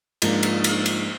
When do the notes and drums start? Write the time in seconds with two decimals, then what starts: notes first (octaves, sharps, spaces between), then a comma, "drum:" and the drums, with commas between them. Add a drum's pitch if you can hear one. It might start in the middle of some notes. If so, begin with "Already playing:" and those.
0.22 G#2 F3 A#3 D4, drum: cymbal
0.43 drum: cymbal
0.64 drum: cymbal
0.86 drum: cymbal